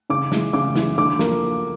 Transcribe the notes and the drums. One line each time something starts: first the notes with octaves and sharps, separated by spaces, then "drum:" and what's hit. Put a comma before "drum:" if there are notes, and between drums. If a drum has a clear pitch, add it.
C#3 D6
E3 G#3, drum: snare
C#3 D6
E3 G#3, drum: snare
D3 D6
F3 A#3, drum: snare